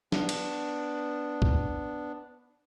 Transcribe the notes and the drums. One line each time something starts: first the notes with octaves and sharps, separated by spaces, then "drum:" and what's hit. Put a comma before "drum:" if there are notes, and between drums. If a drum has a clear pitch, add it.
B3 D4, drum: snare
drum: cymbal
drum: kick